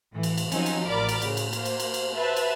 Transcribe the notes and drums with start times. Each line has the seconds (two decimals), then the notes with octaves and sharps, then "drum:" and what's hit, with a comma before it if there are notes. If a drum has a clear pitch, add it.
0.13 A2 E3
0.23 drum: cymbal
0.38 drum: cymbal
0.52 D#3 F3 F#3 C4 C#4 D#4, drum: cymbal
0.66 drum: cymbal
0.88 A1 A#4 D5 B5 D6
1.09 drum: cymbal
1.22 A2 C#3, drum: cymbal
1.37 drum: cymbal
1.53 A#3 C5, drum: cymbal
1.65 drum: cymbal
1.80 drum: cymbal
1.94 drum: cymbal
2.15 B4 C5 E5 A5
2.36 drum: cymbal